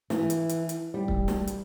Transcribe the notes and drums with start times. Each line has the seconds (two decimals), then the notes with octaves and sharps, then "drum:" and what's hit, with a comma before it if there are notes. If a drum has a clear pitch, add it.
0.10 E3, drum: snare
0.30 drum: hi-hat
0.49 drum: hi-hat
0.69 drum: hi-hat
0.94 G3
1.08 drum: kick
1.28 drum: snare
1.47 drum: hi-hat